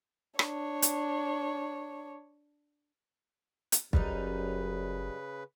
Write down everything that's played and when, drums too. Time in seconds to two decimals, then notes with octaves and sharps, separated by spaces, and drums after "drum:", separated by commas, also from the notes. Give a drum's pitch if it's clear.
0.39 D4 C#5, drum: rim click
0.82 drum: hi-hat
3.72 drum: hi-hat
3.93 F#1 F#2 C#3 G3 G#3 D#4 B4, drum: kick